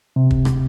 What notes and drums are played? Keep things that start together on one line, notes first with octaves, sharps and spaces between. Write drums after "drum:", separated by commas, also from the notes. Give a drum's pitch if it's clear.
C3
drum: kick
drum: rim click